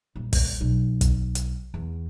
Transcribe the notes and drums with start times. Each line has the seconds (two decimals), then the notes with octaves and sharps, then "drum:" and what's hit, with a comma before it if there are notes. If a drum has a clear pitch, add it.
0.16 D#1
0.33 drum: kick, open hi-hat
0.61 B1
1.01 drum: kick, hi-hat
1.35 drum: hi-hat
1.74 E2